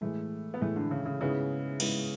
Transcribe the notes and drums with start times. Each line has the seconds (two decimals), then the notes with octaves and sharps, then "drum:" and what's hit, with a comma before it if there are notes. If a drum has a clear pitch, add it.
0.01 A2 E3 G#3 A3
0.54 B3
0.61 A2 E3 G#3 A3
0.76 D3
0.91 C#3
1.06 C#3
1.21 G#2 C#3 G#3 B3 E4 G#4
1.80 G#2 G#3 B3 E4 G#4, drum: cymbal